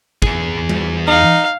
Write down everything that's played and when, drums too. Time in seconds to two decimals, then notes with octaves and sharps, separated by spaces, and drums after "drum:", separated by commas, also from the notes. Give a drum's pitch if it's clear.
0.22 E2 G#4, drum: kick
0.69 drum: tom G3
1.07 D#4 F5